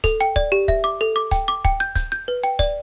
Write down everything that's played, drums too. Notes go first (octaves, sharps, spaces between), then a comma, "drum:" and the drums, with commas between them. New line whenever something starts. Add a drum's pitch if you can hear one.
A4, drum: kick, hi-hat
G5
D5, drum: kick
G4
E5, drum: kick
D6
A4
D6
G5, drum: kick, hi-hat
D6
G5, drum: kick
G6
G6, drum: kick, hi-hat
G6
B4
G5
D5, drum: kick, hi-hat